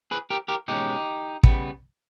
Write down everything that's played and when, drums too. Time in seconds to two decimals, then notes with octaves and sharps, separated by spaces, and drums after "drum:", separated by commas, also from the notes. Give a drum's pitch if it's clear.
0.11 G#4 B4
0.30 G4 A#4
0.48 G4 A#4
0.68 B2 G#3 C#4 D#4 G4
1.43 C#3 G3 B3, drum: kick